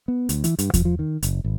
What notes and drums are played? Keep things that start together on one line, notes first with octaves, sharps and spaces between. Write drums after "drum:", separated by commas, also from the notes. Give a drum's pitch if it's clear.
B3
D2, drum: hi-hat
E3, drum: hi-hat
G2, drum: hi-hat
F3, drum: kick E2, hi-hat
F3
D#3
F#1, drum: hi-hat
G#1